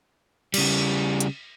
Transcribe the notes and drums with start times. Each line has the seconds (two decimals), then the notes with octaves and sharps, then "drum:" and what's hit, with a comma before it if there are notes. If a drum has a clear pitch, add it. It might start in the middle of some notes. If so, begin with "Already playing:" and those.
0.54 C#3 G3, drum: cymbal
1.20 drum: hi-hat